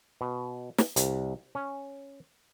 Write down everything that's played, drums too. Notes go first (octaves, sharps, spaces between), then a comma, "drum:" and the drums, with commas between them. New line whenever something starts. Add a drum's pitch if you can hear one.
B2
drum: snare
C2, drum: hi-hat
C#4